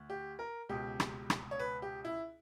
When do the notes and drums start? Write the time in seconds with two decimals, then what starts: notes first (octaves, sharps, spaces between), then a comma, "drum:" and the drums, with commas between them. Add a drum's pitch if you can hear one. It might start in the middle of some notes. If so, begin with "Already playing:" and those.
Already playing: D2
0.10 G4
0.39 A#4
0.69 C#2 B2 G4
1.00 drum: rim click
1.30 drum: rim click
1.51 C#5
1.59 B4
1.82 G4
2.05 E4